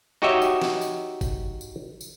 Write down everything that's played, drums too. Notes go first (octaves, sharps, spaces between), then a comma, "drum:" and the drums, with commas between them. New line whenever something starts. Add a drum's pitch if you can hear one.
D#4 F#4 G4 C#5 D#5 E5
drum: tambourine
drum: snare
drum: tambourine
drum: kick G1, tambourine
drum: tambourine
drum: tambourine